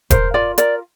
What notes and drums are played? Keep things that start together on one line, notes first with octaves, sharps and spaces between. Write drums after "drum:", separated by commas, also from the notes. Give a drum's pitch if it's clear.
A#4 C5, drum: kick E1, hi-hat
F4 D5
A#4 D5, drum: hi-hat